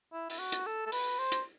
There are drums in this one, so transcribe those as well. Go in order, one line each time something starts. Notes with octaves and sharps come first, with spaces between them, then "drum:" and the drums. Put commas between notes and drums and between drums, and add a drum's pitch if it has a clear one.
E4
E4, drum: open hi-hat
F#4
drum: hi-hat
A4
A4
B4, drum: open hi-hat
C5
drum: hi-hat